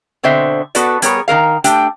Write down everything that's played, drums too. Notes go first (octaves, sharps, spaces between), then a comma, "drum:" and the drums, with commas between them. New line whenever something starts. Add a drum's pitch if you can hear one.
B2 D3 C4 C5 E5
B3 F#4 A4 B4 D5, drum: hi-hat
G3 B3 G#4 A#4 C#5, drum: hi-hat
D#3 A#3 A#4 F5
A3 D4 G4 G5, drum: hi-hat